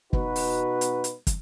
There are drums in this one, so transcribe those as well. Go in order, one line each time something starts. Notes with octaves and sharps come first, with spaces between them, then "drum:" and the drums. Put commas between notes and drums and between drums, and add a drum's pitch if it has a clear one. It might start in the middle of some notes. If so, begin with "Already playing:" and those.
B2 B3 D#4 F#4 B4, drum: kick
drum: open hi-hat
drum: hi-hat
drum: hi-hat
drum: kick, hi-hat